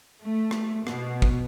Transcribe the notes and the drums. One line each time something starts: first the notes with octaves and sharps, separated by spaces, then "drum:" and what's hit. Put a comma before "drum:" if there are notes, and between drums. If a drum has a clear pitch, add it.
A3
drum: rim click
B2, drum: rim click
drum: kick